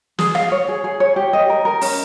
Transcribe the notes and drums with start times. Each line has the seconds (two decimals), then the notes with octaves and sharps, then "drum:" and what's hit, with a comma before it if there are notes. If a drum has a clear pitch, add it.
0.19 G#4, drum: snare
0.35 F5, drum: rim click
0.52 C#5
0.68 G#4
0.84 G#4
1.00 C#5
1.16 G4
1.33 D#5
1.50 A#4
1.65 A#4
1.81 C#4, drum: open hi-hat